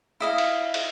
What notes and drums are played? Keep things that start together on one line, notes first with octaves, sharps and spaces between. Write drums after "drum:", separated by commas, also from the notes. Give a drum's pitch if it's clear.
E4 D#5 F5
drum: cymbal
drum: cymbal